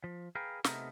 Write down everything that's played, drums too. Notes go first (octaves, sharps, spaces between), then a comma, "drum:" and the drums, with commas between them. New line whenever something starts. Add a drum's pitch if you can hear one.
F3
G#4 B4 F5 G5 A#5
C3 A3 B3 D#4 A#4, drum: snare